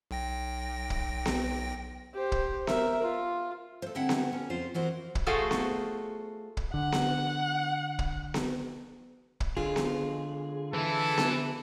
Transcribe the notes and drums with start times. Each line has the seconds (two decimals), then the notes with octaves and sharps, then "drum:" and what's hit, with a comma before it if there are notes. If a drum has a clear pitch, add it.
0.11 B1 G5 A#6
0.90 drum: kick
1.26 drum: snare B3
2.14 G4 C5
2.32 drum: kick
2.67 A#4 E5, drum: snare B3
3.02 F4
3.82 A4 C5
3.95 D3 G3 C4 E4 E5 F#5
4.09 drum: snare B3
4.33 C#4
4.50 F2 C#3 F4 C5
4.74 E3 C4 F#4 A#4 C5
5.15 drum: kick
5.27 A3 F4 F#4 G#4 C5 F5
5.51 drum: snare B3
6.57 drum: kick
6.74 D3 F#5
6.92 drum: snare B3
7.99 drum: kick
8.34 drum: snare B3
9.40 drum: kick
9.57 D3 G#3 F4 G#4
9.76 drum: snare B3
10.74 E3 E4 A4
11.18 drum: snare B3